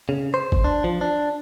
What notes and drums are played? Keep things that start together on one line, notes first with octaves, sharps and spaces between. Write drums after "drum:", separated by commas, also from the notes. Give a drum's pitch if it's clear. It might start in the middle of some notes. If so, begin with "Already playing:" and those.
C#3
C5
drum: kick
D4
F3
D4